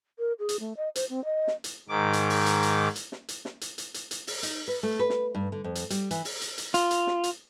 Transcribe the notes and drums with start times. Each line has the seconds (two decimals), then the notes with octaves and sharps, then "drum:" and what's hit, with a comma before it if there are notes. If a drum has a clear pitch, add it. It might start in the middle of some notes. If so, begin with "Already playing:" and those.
0.19 A#4
0.39 G#4
0.49 drum: hi-hat
0.60 A3
0.77 D#5
0.95 C5, drum: hi-hat
1.09 C4
1.25 D#5
1.47 drum: snare
1.64 drum: hi-hat
1.89 G#2 D#3 D6
2.13 drum: hi-hat
2.30 drum: open hi-hat
2.46 drum: hi-hat
2.63 drum: hi-hat
2.96 drum: hi-hat
3.12 drum: snare
3.28 drum: hi-hat
3.45 drum: snare
3.61 drum: hi-hat
3.78 drum: hi-hat
3.94 drum: hi-hat
4.11 drum: hi-hat
4.27 drum: open hi-hat
4.43 D#4, drum: hi-hat
4.68 B4
4.83 A3
4.99 B4
5.10 drum: snare
5.35 G2
5.52 D3
5.64 F2
5.75 drum: hi-hat
5.90 G3, drum: hi-hat
6.11 E3, drum: hi-hat
6.25 drum: open hi-hat
6.41 drum: hi-hat
6.58 drum: hi-hat
6.74 F4, drum: hi-hat
6.91 drum: hi-hat
7.07 drum: snare
7.24 drum: hi-hat